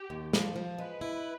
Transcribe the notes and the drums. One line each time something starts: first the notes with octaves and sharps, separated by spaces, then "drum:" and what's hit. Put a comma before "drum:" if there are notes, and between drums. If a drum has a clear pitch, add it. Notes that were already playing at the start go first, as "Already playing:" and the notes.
Already playing: G4
D#2
F3, drum: snare
F3
G#3 B4
E4